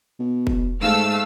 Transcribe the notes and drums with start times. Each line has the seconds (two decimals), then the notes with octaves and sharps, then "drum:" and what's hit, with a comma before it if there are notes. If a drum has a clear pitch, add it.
0.19 B2
0.47 drum: kick
0.82 G#2 A3 F5 E6